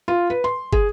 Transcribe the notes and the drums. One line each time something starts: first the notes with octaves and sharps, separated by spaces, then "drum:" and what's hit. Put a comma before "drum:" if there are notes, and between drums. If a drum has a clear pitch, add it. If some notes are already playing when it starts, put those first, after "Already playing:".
F4
B4
C6
G#4, drum: kick